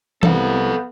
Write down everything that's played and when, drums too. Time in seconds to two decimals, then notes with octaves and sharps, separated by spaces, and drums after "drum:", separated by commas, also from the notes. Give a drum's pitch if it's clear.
0.23 C2 B3 A4 F5, drum: tom E3